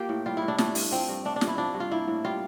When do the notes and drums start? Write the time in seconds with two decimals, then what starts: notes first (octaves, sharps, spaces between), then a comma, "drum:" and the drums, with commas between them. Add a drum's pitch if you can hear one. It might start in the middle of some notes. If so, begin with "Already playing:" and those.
Already playing: A#3 F4 G4
0.09 A2
0.26 G3 F4
0.37 E4
0.42 A2
0.48 D4
0.58 A3 D4, drum: snare
0.75 G2, drum: open hi-hat
0.91 F3 C4
1.09 G2
1.25 A3 D4
1.36 D4
1.41 G2, drum: snare
1.47 E4
1.58 F3 D4
1.74 G2
1.80 F4
1.91 A#3 E4
2.08 A2
2.25 G3 F4